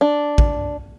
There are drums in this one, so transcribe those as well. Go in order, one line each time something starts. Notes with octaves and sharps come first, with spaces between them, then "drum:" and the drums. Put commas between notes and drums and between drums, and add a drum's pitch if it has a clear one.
D4
drum: kick